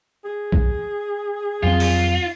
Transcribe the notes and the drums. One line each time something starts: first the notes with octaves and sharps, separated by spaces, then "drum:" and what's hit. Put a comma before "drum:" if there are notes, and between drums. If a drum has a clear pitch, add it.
G#4
drum: kick
F2 F#3 C4 F4
drum: open hi-hat